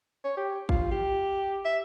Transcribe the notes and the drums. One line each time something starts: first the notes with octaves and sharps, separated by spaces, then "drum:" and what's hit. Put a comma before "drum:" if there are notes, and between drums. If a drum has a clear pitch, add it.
C#5
G4
F4, drum: kick
G4
E5